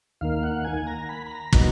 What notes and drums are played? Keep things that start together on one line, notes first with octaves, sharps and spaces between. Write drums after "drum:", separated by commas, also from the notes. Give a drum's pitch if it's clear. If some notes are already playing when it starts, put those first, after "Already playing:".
D#2 D#3 A#3 F5
F#5
G#5
A#5
B5
B5
A#5
A#2 F#3 B3 D#4, drum: kick